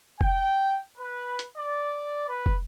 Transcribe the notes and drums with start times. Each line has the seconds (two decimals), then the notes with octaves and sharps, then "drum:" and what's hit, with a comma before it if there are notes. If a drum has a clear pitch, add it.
0.21 G5, drum: kick
0.97 B4
1.39 drum: hi-hat
1.56 D5
2.28 B4
2.46 drum: kick